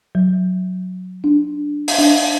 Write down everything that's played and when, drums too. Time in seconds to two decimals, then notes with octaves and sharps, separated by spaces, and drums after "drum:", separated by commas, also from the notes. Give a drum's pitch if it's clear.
0.15 F#3
1.24 D4
1.88 drum: open hi-hat
1.98 D4